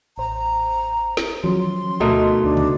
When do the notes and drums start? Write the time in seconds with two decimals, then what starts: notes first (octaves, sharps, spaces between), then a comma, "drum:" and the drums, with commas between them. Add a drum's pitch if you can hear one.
0.18 A1 C5 A#5
1.17 drum: snare
1.44 F3 F#3 C#4 C6, drum: tom D#3
2.00 D2 B2 A3 D#4 A#4
2.44 D2 D4
2.57 drum: tom